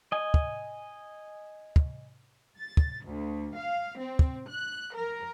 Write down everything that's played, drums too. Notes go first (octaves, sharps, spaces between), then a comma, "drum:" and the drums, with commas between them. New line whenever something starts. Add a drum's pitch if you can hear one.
D#5 G#5
drum: kick
drum: kick
A6
drum: kick
D2
F5
C4
drum: kick
F#6
A#4